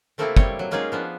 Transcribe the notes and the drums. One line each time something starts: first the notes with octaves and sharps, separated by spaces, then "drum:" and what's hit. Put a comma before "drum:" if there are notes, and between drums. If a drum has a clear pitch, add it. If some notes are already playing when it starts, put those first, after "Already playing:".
C3 A3 A#3 C4 E4 A4
G3 C4 C#5, drum: kick
F#3
G#3 A#3 C#4 D#4 F4 G#4
F3 B3 D4